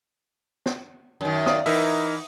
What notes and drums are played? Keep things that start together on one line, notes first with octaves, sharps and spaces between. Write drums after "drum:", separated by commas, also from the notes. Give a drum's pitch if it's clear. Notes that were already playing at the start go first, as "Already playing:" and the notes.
drum: snare
F#2 D#3
D5 F5 D#6, drum: snare
E3 D#4 A#4 E5, drum: open hi-hat